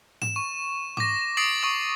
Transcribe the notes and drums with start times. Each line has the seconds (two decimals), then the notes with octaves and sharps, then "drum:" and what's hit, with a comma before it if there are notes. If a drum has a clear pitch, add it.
0.22 E7, drum: tom G#2
0.36 C#6
0.97 D6 A#6, drum: tom G#2
1.37 D6 D#6 A6 C7 D7 F#7
1.62 C#6 D#6 F#7